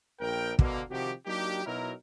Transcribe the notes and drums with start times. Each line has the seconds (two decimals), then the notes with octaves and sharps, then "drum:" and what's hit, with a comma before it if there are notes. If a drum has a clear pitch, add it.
0.20 A#1 A#4 G5
0.59 B2 D3 A#3, drum: kick
0.91 C3 D#3 F3 F#4 G4
1.26 F#3 A#3 D4 D#4 G4
1.65 B2 F#3 D#4 E4 A#4